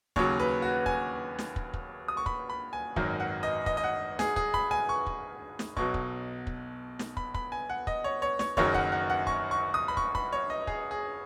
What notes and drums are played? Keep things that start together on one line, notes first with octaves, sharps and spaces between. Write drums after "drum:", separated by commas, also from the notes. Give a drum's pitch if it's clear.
D#2 C#3 F#3 C#5, drum: kick
B4
F#4
G#5, drum: kick
drum: snare
drum: kick
drum: kick
D#6
C#6
B5, drum: kick
B5
G#5
G#1 F#2 D#3 F#3, drum: kick
F#5
D#5
D#5, drum: kick
D#5
F#5
G#4, drum: snare
G#4, drum: kick
B5, drum: kick
G#5
C#6
drum: kick
drum: snare
B1 B2 F#3 C#6, drum: kick
drum: kick
drum: kick
drum: snare
B5, drum: kick
B5, drum: kick
G#5
F#5
D#5, drum: kick
C#5
C#5
C#5, drum: snare
F#1 F#2 D#3 F#3 C#5, drum: kick
F#5, drum: kick
F#5
F#5
C#6, drum: kick
C#6
D#6
B5
C#6, drum: kick
B5, drum: kick
C#5
D#5
G#4, drum: kick
G#4